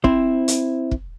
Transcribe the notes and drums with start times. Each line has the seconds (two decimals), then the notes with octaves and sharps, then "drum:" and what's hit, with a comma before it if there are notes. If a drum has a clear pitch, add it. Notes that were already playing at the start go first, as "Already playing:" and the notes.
0.04 C4 E4 C5, drum: kick
0.48 drum: hi-hat
0.91 drum: kick